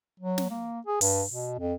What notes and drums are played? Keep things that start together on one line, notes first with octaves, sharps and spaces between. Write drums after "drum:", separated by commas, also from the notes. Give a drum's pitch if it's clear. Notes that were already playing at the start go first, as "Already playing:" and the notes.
F#3
drum: snare
A#3
G#4
G2, drum: open hi-hat
B2
F2